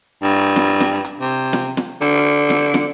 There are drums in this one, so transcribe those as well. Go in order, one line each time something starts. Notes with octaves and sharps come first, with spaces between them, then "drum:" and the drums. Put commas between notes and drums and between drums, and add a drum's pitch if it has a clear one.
G2
drum: snare
drum: snare
drum: hi-hat
C3
drum: snare
drum: snare
D3, drum: hi-hat
drum: snare
drum: snare